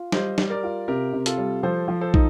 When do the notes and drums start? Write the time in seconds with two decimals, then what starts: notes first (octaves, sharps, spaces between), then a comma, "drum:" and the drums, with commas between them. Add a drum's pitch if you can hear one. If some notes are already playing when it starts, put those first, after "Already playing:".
Already playing: F4
0.12 G3 C5 D#5, drum: snare
0.38 G3, drum: snare
0.50 A#4 D5
0.63 F4
0.88 C3 G4 A#4
1.13 C3
1.26 F4 A4, drum: hi-hat
1.38 G3
1.63 F3 A4 C5
1.88 F3
2.01 A4 C5
2.14 D#4, drum: kick